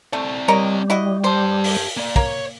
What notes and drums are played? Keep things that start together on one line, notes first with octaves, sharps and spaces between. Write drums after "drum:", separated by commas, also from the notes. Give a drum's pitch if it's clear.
A3 C4 D5
G3 A#4 C#5 D#5
E4 F#4 D#5
G4 C5 A5
drum: open hi-hat
A#3 D5
A#3 C#5, drum: kick